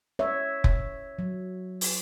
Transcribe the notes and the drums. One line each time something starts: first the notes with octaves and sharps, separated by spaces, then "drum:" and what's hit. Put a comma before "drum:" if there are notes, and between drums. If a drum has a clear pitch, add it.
C#5 E5
drum: kick F1
F#3
drum: open hi-hat